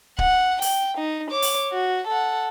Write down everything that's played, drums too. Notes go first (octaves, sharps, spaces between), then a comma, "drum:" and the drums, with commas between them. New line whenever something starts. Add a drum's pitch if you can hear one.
F#5, drum: kick D1
G5, drum: open hi-hat
D#4
C#5 D6
drum: open hi-hat
F#4
A4 F#5